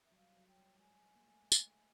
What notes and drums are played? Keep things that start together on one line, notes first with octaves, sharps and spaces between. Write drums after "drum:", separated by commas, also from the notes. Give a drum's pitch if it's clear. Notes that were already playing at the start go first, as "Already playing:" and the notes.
E5
F#3
G3 F5
F#3
G5
G3
G#3 G#5
A#3
A3
G#3
drum: tambourine
A3